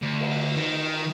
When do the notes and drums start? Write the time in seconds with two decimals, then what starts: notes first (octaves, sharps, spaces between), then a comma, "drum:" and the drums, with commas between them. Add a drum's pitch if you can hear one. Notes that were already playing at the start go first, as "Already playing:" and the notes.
0.02 D2
0.20 drum: cymbal
0.57 D#3